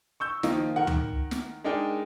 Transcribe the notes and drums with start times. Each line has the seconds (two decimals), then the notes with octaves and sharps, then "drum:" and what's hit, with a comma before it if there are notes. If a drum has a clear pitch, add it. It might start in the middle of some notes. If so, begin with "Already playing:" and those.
0.20 C#6 E6 G6
0.43 D#3 F3 A#3 D#4 F4, drum: snare
0.76 D#3 A#4 F#5
0.87 drum: tom C#2
1.31 drum: snare
1.64 G#3 D4 D#4 A#4 G5